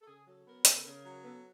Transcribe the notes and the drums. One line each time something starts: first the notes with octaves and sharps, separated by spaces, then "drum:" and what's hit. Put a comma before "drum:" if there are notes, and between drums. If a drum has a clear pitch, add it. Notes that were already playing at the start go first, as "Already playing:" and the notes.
A4
C#3 G#4
F#3 A4
B3 A#4
C#3 A#4, drum: hi-hat
A4
C#3 A#4
F#3
B3 A4